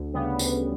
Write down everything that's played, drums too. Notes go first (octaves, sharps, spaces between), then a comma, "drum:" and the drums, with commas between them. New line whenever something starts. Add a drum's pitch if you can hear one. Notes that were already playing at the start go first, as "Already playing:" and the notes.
Already playing: D2
C#3 G3 B3
D2, drum: tambourine